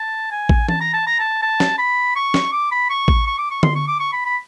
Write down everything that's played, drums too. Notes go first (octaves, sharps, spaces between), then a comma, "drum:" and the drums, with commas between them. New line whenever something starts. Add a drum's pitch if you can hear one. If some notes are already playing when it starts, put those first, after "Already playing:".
Already playing: A5
G#5
drum: kick A1
A5, drum: tom E3
A#5
A5
A#5
A5
A5
drum: snare
B5
C#6
drum: snare
D6
B5
C#6
drum: kick A1
C#6
D6
C#6
C6, drum: tom D3
C#6
D6
C#6
B5
B5